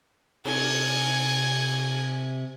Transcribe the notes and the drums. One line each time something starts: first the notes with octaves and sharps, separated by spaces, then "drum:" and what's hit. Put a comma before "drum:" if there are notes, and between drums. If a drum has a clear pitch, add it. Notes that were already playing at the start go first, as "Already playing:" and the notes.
C3 G#5, drum: cymbal